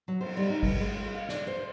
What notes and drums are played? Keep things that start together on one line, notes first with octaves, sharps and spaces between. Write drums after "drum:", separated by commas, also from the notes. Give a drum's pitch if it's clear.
F#3
C5, drum: cymbal
G3
D#4
G2, drum: kick G#1, cymbal
G#3
F4
F5
D4, drum: snare
C5